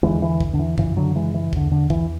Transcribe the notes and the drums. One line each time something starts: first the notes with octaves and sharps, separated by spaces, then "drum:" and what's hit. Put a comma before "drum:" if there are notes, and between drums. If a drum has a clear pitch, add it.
E2 D3 E3 G#3
E3
drum: kick
D3
E3
F#2 C#3 E3, drum: kick
D3 F#3
E3 G#3
E3
E2 D3, drum: kick
D3
E3, drum: kick